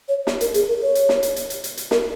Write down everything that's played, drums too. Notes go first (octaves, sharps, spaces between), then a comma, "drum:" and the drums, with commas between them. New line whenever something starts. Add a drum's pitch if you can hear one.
C#5
drum: snare
A#4, drum: hi-hat
G#4, drum: hi-hat
A#4
C#5
drum: hi-hat
drum: snare
drum: hi-hat
drum: hi-hat
drum: hi-hat
drum: hi-hat
drum: hi-hat
A#4, drum: snare